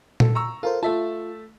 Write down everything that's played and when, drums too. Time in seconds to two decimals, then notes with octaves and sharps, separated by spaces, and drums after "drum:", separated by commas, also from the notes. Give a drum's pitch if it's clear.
0.20 A4, drum: tom A#2
0.35 A#5 C#6 E6
0.63 F4 A4 A#4 C5
0.83 A3 F4 E5 A5